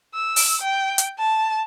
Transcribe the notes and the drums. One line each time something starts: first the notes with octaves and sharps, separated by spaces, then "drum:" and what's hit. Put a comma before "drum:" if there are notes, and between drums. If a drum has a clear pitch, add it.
E6
drum: open hi-hat
G5
drum: hi-hat
A5